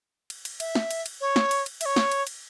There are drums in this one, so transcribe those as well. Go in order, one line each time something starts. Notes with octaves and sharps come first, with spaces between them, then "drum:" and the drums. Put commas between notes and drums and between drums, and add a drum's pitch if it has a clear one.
drum: cymbal
drum: cymbal
E5, drum: cymbal
drum: snare
drum: cymbal
drum: cymbal
C#5
drum: snare
drum: cymbal
drum: cymbal
E5, drum: cymbal
C#5
drum: snare
drum: cymbal
drum: cymbal